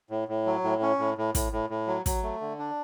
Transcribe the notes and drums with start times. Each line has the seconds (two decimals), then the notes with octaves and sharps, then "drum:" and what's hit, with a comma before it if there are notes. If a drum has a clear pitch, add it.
0.10 A2
0.28 A2
0.46 F#3
0.64 A2
0.82 C#4
0.99 A2
1.18 A2
1.35 A2, drum: kick, hi-hat
1.52 A2
1.70 A2
1.87 F#3
2.06 F#3, drum: kick, hi-hat
2.23 A3
2.41 D3
2.59 D4